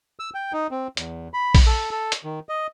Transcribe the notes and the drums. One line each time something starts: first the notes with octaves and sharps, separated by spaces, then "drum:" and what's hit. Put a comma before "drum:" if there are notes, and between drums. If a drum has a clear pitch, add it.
E6
G5
D#4
C4
E2, drum: hi-hat
B5
drum: kick A#1, open hi-hat
A4
A4
drum: hi-hat
D#3
D#5